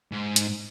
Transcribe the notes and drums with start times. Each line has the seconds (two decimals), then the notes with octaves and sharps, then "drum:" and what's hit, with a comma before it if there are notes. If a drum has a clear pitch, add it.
0.12 G#2
0.36 drum: hi-hat